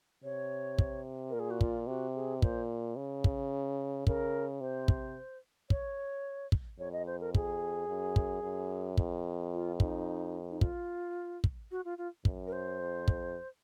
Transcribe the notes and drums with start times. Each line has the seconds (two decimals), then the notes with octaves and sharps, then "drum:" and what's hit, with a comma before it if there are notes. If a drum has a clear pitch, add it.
0.23 C3 C#5
0.78 drum: kick
1.30 A#2 A#4
1.39 G#4
1.51 F#4
1.61 F4, drum: kick
1.87 C3 F#4
2.15 G#4
2.42 A#2 C5, drum: kick
2.96 C#3
3.24 drum: kick
4.07 C#3 A#4, drum: kick
4.61 C3 C5
4.88 drum: kick
5.70 C#5, drum: kick
6.52 drum: kick
6.79 F2 C#5
6.93 D#5
7.07 C5
7.21 A#4
7.35 G#4, drum: kick
7.88 F#2
8.16 drum: kick
8.43 F#2
8.97 F2, drum: kick
9.53 F4
9.80 D#4, drum: kick
10.50 D#4
10.61 F4, drum: kick
11.44 drum: kick
11.71 F#4
11.85 F4
11.98 F4
12.25 F#2, drum: kick
12.47 A#4
12.52 C5
12.81 F2
13.08 drum: kick